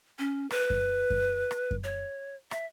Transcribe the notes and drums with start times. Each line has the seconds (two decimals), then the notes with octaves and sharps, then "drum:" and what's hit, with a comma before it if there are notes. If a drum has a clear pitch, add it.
0.19 C#4
0.51 B4, drum: rim click
0.70 drum: kick F#2
1.10 drum: kick F#2
1.51 drum: rim click
1.71 drum: kick F#2
1.84 C#5
2.51 E5, drum: rim click